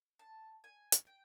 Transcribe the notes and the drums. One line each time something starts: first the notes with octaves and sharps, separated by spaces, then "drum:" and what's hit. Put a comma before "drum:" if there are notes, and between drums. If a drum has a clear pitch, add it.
A5
G#5
drum: hi-hat
G5